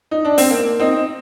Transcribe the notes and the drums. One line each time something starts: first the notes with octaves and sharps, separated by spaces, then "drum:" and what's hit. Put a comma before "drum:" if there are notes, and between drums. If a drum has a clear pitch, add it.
D#4
D4
C4, drum: open hi-hat
A#3
C4 D#4